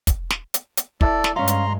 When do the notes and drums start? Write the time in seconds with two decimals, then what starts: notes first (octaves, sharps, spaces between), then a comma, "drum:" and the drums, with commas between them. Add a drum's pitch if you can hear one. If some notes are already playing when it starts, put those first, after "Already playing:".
0.07 drum: kick, hi-hat
0.30 drum: snare
0.54 drum: hi-hat
0.77 drum: hi-hat
1.01 E4 A4 D5 E5, drum: kick
1.24 drum: snare
1.36 G2 G#3 C#4 F5 A#5 C6
1.48 drum: hi-hat